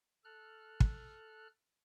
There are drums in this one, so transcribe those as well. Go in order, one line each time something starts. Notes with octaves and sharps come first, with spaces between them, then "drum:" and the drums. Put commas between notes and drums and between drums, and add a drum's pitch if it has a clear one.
A4 F6 F#6
drum: kick